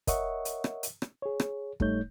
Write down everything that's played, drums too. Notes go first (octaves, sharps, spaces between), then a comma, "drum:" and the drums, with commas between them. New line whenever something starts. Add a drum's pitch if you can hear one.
A#4 C#5 D#5 E5 F#5 C#6, drum: kick, hi-hat
drum: hi-hat
drum: rim click
drum: hi-hat
drum: rim click
G#4 C#5
drum: rim click
G#2 G3 A3 D#4 C#5 G6, drum: kick